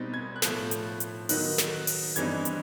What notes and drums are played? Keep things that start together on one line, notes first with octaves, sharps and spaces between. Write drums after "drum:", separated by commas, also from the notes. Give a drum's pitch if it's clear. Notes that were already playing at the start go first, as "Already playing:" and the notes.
Already playing: B2 G3 C4 D#4 A6
G#6
F#6
A2 F3 A3 G6, drum: snare
drum: hi-hat
drum: hi-hat
D#3 F#3 B3 D#4 F#6, drum: open hi-hat
drum: snare
drum: open hi-hat
G2 E3 G3 C4 D#4 G#6, drum: hi-hat
drum: hi-hat